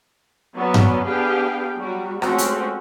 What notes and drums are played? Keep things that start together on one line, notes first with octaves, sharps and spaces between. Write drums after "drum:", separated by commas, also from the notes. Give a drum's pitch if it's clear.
F#3 B3 C#4 D5
drum: tom G2
B3 D4 G4 G#4 F5 G5
F#3 G3 F#4
F3 G#3 A3 C4 C#4 F#4, drum: rim click
drum: hi-hat